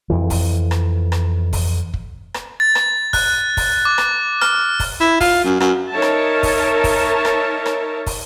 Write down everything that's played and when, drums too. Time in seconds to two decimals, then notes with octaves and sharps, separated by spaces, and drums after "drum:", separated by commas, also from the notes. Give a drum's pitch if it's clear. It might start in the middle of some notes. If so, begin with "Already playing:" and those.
0.10 F2 E3
0.30 drum: kick, open hi-hat
0.71 drum: rim click
1.12 drum: rim click
1.53 drum: kick, open hi-hat
1.94 drum: kick
2.34 drum: rim click
2.60 A6
2.75 drum: rim click
3.13 F#6, drum: kick, open hi-hat
3.57 drum: kick, open hi-hat
3.85 D6
3.98 drum: rim click
4.42 F6, drum: rim click
4.80 drum: kick, open hi-hat
5.00 E4
5.20 F4, drum: kick, open hi-hat
5.44 F#2
5.60 F#2, drum: rim click
5.91 D#4 A#4 C#5 E5 A5
6.02 drum: rim click
6.43 drum: kick, open hi-hat
6.84 drum: kick, open hi-hat
7.25 drum: rim click
7.66 drum: rim click
8.06 drum: kick, open hi-hat